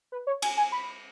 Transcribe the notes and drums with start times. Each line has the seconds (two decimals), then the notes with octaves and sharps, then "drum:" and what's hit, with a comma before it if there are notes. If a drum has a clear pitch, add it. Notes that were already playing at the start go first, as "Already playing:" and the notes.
0.12 B4
0.27 C#5
0.42 G#5, drum: cymbal
0.57 G#5
0.72 B5